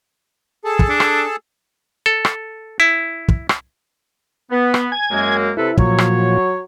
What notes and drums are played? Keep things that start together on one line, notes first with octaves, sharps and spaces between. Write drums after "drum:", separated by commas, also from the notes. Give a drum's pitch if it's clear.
G#4 A4 A5
drum: kick
D4
drum: rim click
A4
drum: rim click
E4
drum: kick
drum: rim click
B3
drum: rim click
G#5 G#6
F#2 G#3 A#3
C3 E4 A4 B4
A#2 F3 F#3 C#5, drum: kick
drum: rim click